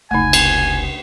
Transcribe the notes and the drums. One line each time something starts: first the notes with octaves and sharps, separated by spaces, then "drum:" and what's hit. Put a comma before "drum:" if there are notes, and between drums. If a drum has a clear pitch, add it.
F1 C#2 A3 D#4 G#5
drum: cymbal